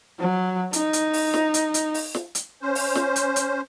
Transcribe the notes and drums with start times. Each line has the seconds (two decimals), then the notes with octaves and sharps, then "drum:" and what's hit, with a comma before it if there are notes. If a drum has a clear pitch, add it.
0.19 F#3
0.73 D#4, drum: hi-hat
0.93 drum: hi-hat
1.13 drum: open hi-hat
1.34 drum: snare
1.54 drum: hi-hat
1.74 drum: hi-hat
1.94 drum: open hi-hat
2.15 drum: snare
2.35 drum: hi-hat
2.62 C#4 C5
2.75 drum: open hi-hat
2.95 drum: snare
3.16 drum: hi-hat
3.36 drum: hi-hat